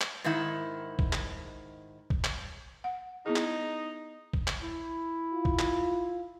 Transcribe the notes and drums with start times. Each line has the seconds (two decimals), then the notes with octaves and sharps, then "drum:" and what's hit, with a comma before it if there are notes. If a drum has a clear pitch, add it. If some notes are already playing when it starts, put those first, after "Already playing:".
0.01 drum: clap
0.24 G#2 D#3 E4
0.99 drum: kick
1.13 drum: clap
2.10 drum: kick
2.24 drum: clap
2.84 F#5
3.26 B3 D#4 E4 G#4
3.36 drum: clap
4.33 drum: kick
4.47 drum: clap
4.61 E4
5.33 F4
5.45 drum: kick
5.59 drum: clap